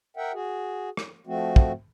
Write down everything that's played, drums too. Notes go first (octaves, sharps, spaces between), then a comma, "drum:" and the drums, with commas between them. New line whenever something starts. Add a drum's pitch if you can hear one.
A#4 E5 F#5 G5
F#4 G#4
drum: rim click
F3 A3 C4 F#4
drum: kick